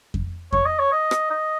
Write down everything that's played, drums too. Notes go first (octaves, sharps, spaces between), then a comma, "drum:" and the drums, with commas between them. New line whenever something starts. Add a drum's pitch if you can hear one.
drum: kick F2
C#5, drum: kick F2
D#5
C#5
D#5
drum: rim click
D#5